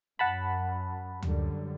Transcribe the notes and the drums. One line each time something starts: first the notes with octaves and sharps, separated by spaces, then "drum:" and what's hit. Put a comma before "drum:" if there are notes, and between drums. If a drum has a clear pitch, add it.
F#2 F#5 A5 B5
F#2 D3 G3, drum: tom D2